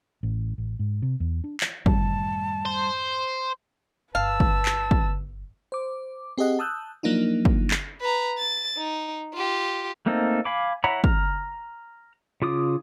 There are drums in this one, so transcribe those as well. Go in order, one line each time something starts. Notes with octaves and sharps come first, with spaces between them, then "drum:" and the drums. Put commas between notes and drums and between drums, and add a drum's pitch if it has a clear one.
A1
A1
G#2
C3
E2
D4
drum: clap
F#2 A2 D#3 G3 A5, drum: kick
C5
G1 B4 F5 A5 E6
drum: kick
drum: clap
drum: kick
C5 D6
C4 G4 G#4 D#5 F#5
A5 D#6 E6 F#6 G6
F3 F#3 A#3 D4 D#4 F4
drum: kick
drum: clap
B4 A#5
A6
D#4
F4 G4
A3 A#3 C4 D#4 A4
F5 G#5 B5 D6
E4 C#5 F#5 A#5 B5
A#5 F6, drum: kick
C#3 F4 D6 D#6